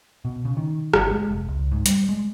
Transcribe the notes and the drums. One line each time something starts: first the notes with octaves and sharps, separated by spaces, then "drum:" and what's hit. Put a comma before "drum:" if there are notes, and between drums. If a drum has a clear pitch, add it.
B2
C#3
D#3
G1, drum: rim click
G#3
F1
C#2
G#2
G3, drum: hi-hat
G#3